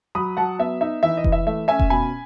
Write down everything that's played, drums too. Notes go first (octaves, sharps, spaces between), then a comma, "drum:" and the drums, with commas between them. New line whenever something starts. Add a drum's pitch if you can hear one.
F#3 B5 D#6
F#3 F#5 A5
B3 E5
D#4 E5
E3 E5
D#5
E3, drum: kick F1
E5
A3 E5
C#4 E5 G#5
drum: kick F1
B2 G#5 B5